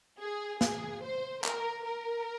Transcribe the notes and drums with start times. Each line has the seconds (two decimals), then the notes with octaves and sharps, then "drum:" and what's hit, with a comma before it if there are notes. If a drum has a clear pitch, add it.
0.20 G#4
0.61 G#4, drum: snare
1.03 C5
1.44 A#4, drum: clap
1.85 A#4